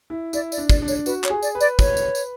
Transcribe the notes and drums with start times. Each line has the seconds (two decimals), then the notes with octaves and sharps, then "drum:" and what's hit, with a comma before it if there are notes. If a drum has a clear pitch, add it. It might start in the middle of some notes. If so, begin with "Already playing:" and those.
0.10 E4
0.33 E4 D5, drum: tambourine
0.52 D5, drum: tambourine
0.58 D4
0.70 D5, drum: kick, tambourine
0.82 D4
0.88 C#5, drum: tambourine
1.06 F#4 B4, drum: tambourine
1.24 C#5, drum: clap
1.30 G#4
1.43 D5, drum: tambourine
1.55 B4
1.60 D5, drum: tambourine
1.79 C#5, drum: kick, tambourine
1.97 drum: tambourine
2.15 drum: tambourine